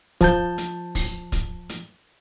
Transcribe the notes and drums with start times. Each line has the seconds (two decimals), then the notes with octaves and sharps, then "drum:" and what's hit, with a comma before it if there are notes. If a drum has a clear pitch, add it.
0.21 F3 A5 G6, drum: kick, hi-hat
0.58 drum: hi-hat
0.95 drum: kick, open hi-hat
1.32 drum: kick, hi-hat
1.69 drum: hi-hat